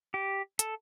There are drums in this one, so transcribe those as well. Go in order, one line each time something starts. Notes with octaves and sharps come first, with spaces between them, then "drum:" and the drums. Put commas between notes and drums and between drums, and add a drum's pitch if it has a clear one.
G4
A4, drum: hi-hat